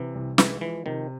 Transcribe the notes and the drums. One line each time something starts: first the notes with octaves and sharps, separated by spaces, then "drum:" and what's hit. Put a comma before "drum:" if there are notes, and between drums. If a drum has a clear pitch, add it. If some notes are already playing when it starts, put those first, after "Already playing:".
Already playing: C3 E3
C2
E3 G#3, drum: snare
E3 F3
C3 D#3